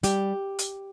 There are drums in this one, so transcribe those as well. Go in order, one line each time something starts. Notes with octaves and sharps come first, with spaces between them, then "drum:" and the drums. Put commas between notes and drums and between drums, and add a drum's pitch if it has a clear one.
G3 G4, drum: hi-hat
drum: hi-hat